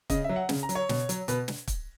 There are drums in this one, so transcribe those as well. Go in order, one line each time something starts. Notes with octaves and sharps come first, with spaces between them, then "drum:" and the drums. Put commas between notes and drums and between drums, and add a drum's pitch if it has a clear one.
C#3 D#5, drum: kick, hi-hat
F#3 E5
F#5
C#3, drum: snare
A#5
F#3, drum: hi-hat
C#5
B2, drum: snare
F#3, drum: hi-hat
B2 B4, drum: hi-hat
drum: snare
drum: kick, hi-hat